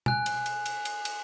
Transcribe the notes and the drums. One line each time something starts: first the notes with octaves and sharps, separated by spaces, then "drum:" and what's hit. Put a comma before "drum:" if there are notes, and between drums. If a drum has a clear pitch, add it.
G#5 F#6, drum: tom
drum: cymbal
drum: cymbal
drum: cymbal
drum: cymbal
drum: cymbal